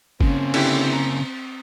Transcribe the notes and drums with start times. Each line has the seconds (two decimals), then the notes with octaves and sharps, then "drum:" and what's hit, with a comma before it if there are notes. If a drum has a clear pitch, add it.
0.21 C#3 A#3 C4 C#4, drum: kick G1
0.54 D3 E4 G4, drum: cymbal
0.93 A#5